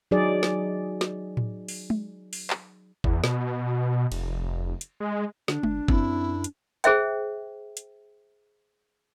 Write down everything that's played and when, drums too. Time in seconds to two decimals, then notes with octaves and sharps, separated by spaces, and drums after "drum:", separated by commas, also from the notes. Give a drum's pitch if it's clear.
0.11 F#3 D#4 G#4 D5
0.43 drum: snare
1.01 drum: snare
1.37 drum: tom A2
1.68 drum: open hi-hat
1.90 drum: tom G#3
2.33 drum: open hi-hat
2.50 drum: clap
3.04 E2, drum: kick F#1
3.24 B2, drum: snare
4.12 F1, drum: cymbal
4.81 drum: hi-hat
5.00 G#3
5.48 D3 D4, drum: snare
5.63 G1, drum: tom G#3
5.88 F#2 C4 E4, drum: kick F#1
6.44 drum: hi-hat
6.84 G#4 C5 E5 G5, drum: hi-hat
7.77 drum: hi-hat